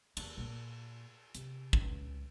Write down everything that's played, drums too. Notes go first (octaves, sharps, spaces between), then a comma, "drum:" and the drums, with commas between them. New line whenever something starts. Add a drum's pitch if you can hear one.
D#2 D4, drum: cymbal
A#2 A#3
C3, drum: hi-hat
C#2, drum: kick